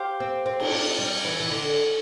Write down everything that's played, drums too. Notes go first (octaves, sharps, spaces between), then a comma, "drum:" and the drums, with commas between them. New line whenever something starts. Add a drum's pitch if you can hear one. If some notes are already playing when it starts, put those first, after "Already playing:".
Already playing: G4 C5 F5
C4
C4
drum: cymbal
D4
G3
E3
E3
D3